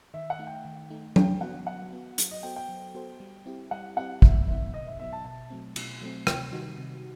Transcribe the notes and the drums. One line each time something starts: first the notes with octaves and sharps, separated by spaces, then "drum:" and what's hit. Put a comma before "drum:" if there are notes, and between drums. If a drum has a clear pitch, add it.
D#3 E5
F#5
A3 D#4
G5
D#3
A3 D#4
F#3 G5, drum: tom F#3
B3 F#4 F#5
F#3 F#5
B3 F#4
F#3, drum: hi-hat
D#5
B3 F#4 A4 C5 G5
G5
F#3
B3 F#4 A4 C5
G3
C4 E4 G4
G3 F#5
C4 E4 G4 F#5
B2 E5, drum: kick
F#3 B3 D#4 E5
B2 D#5
E5
F#3 B3 D#4 E5
A5
B2 A5
F#3 A3 C4
B2, drum: cymbal
F#3 A3 C4
C3 G5, drum: rim click
D#3 G3 D#4 F#4
C3